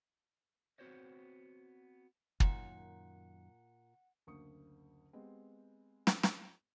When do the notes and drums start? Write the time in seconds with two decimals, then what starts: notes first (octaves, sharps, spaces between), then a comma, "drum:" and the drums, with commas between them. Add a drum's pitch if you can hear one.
0.78 B3 C4 F#4 C5 C#5 D#5
2.40 F#2 A#2 D#3 F#5, drum: kick
4.27 F#1 D2 A#3 C#6 D#6 C#7
5.13 G#3 B3 C4 G4
6.07 drum: snare
6.23 drum: snare